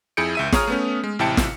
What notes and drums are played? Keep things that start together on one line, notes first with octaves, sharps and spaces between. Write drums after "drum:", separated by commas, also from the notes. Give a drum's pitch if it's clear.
F2 E4 G#4 G6 C#7 D7
C#2 E5 D#7
G#4 C#5 A#5 D#6 F6, drum: snare
A3 B3 C#4
G#3
A1 C3 E4 G5 A5 C#7
drum: snare